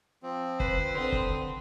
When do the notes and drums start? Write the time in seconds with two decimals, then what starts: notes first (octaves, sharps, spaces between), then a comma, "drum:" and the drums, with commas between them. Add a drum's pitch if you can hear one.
0.23 F3 C4
0.60 B4 C5, drum: kick
0.94 D3 C4 D#6
1.12 drum: kick